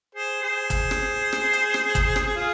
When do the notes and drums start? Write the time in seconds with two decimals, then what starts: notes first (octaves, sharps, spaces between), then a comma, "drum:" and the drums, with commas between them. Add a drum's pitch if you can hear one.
0.15 G#4 C5
0.43 G#4 C5
0.70 drum: kick, hi-hat
0.91 drum: rim click
1.33 drum: rim click
1.53 drum: hi-hat
1.74 drum: rim click
1.95 drum: kick, hi-hat
2.16 drum: rim click
2.36 F4 G#4